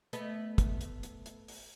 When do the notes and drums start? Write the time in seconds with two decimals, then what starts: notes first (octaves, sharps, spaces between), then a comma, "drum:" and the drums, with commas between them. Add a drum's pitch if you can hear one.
0.13 A3 B3 D#5, drum: hi-hat
0.58 drum: kick, hi-hat
0.81 drum: hi-hat
1.03 drum: hi-hat
1.26 drum: hi-hat
1.48 drum: open hi-hat